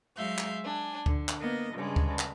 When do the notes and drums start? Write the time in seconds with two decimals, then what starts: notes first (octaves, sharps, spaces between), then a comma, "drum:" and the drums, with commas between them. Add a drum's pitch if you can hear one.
0.16 F#3 G#3 E5 F5 G6
0.38 drum: clap
0.63 D4 G#5
1.06 D3, drum: kick D2
1.29 drum: clap
1.40 A#3 B3 D#5
1.73 G2 C#3 G#3
1.96 drum: kick D2
2.19 drum: clap